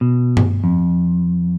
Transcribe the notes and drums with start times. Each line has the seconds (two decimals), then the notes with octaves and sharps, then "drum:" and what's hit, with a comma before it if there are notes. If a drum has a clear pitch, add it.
0.01 B2
0.37 drum: tom G2
0.64 F2